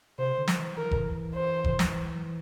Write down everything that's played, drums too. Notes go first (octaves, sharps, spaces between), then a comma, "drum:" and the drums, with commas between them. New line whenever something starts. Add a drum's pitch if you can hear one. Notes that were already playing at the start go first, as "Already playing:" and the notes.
C3 C5
D3
drum: snare
E3
E3 A#4
drum: kick F1
C5
drum: kick F1
drum: snare